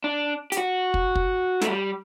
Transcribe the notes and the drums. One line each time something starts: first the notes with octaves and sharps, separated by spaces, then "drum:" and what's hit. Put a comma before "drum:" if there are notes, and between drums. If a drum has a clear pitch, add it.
D4
G4, drum: hi-hat
F#4
drum: kick
drum: kick
A3, drum: snare
G3